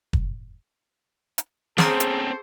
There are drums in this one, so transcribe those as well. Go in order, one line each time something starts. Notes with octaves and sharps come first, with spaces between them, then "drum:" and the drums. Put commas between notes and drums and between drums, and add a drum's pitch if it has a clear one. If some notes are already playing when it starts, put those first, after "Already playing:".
drum: kick
drum: hi-hat
C4 C#4 G#4 A4 C5 A#5 D#6 F6, drum: snare
drum: hi-hat